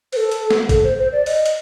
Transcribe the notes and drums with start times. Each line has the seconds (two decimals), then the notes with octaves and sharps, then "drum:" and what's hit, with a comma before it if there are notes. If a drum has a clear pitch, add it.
0.13 C5, drum: open hi-hat
0.17 A4
0.32 drum: hi-hat
0.51 drum: snare
0.69 A4, drum: kick, hi-hat
0.84 C5
0.98 C5
1.12 D5
1.26 D#5, drum: open hi-hat
1.46 drum: hi-hat